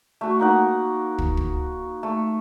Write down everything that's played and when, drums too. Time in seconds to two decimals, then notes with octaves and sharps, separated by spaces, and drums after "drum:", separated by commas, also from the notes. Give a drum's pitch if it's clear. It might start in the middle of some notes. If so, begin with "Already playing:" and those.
0.21 A3 F#4
0.39 A#3 D#4 F#5
1.18 drum: kick
1.37 drum: kick
2.03 A3